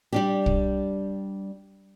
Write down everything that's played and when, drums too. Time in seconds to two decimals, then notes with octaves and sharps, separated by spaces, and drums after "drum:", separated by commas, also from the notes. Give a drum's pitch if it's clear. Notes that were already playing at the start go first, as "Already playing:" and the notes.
0.13 G3 D4 G4
0.46 drum: kick